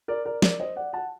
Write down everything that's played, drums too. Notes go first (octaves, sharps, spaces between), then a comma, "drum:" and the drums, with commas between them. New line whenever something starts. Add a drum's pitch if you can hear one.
A#4 D5
A#4 D5
A#4 D5, drum: snare
C5 D#5
D5 F#5
F#5 A5